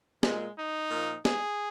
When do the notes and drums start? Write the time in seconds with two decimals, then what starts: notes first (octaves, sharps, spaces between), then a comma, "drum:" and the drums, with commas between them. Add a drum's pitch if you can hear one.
0.23 A#2 G#3, drum: snare
0.58 D#4
0.91 A#2 F3 A#3
1.25 G#4, drum: snare